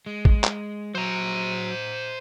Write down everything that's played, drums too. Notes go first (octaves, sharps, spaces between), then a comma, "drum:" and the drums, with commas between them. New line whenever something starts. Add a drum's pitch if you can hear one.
G#3
drum: kick
drum: clap
F#3 C5 A#5